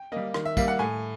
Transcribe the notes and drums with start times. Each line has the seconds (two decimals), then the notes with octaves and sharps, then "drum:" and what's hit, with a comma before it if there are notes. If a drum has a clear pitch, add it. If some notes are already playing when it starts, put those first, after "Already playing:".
Already playing: G5
0.12 G3 A#3 D#5
0.34 D#3, drum: rim click
0.45 E5
0.57 G3 A#3 F5, drum: kick, tambourine
0.68 F#5
0.79 A2 G#5